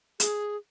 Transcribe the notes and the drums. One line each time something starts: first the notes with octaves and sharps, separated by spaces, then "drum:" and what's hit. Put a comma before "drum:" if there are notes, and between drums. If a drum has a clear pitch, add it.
G#4, drum: hi-hat